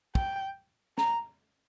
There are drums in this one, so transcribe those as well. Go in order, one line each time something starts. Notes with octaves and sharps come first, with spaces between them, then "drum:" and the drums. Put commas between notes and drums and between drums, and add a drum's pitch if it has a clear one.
G5, drum: kick
A#5, drum: snare